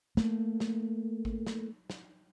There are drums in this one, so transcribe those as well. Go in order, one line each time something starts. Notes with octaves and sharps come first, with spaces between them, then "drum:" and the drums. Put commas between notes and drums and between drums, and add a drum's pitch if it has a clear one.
A3 A#3, drum: snare
drum: snare
drum: kick G#1
drum: snare
drum: snare